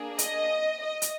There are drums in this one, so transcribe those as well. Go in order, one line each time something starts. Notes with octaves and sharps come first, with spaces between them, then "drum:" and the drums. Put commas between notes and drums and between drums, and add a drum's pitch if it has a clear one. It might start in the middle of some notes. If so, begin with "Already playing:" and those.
Already playing: A#3 D4 G#4
D#5, drum: hi-hat
D#5
drum: hi-hat